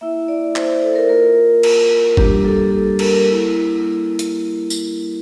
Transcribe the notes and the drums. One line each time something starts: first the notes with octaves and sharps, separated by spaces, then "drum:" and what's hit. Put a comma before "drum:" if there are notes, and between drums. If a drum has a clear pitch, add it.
A#3 E4 E5
D5
C5, drum: clap
A4
A#4
A#3 F4 A#4
drum: cymbal
G3 A#3 D4 G4, drum: kick G#1
A4
A4
A#4, drum: cymbal
A#3 E4
drum: hi-hat
drum: tambourine